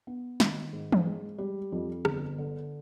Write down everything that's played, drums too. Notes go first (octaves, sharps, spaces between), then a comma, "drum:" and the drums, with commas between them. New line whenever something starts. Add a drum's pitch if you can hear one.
B3
D#3, drum: snare
G#2
drum: tom E3
G#3
G3
F2
G1, drum: rim click
D3